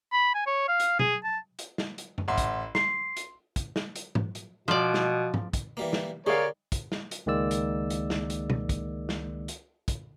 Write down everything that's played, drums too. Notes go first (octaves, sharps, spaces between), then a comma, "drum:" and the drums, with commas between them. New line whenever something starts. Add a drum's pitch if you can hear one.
B5
G#5
C#5
F5
drum: hi-hat
G#4, drum: tom B2
A5
drum: hi-hat
drum: snare
drum: hi-hat
drum: tom
A1 E5 F#5 C6
drum: kick, hi-hat
C6 C7, drum: snare
drum: hi-hat
drum: kick, hi-hat
drum: snare
drum: hi-hat
drum: tom G#2
drum: hi-hat
B2 F3 D5
drum: snare
drum: tom G#2
drum: kick, hi-hat
E3 G3 A#3
drum: snare
D3 G#4 A#4 C#5 D5 F5
drum: kick, hi-hat
drum: snare
drum: hi-hat
C#2 D#3 G#3 A#3 D5 E6
drum: hi-hat
drum: hi-hat
drum: snare
drum: hi-hat
drum: tom B2
drum: kick, hi-hat
drum: snare
drum: hi-hat
drum: kick, hi-hat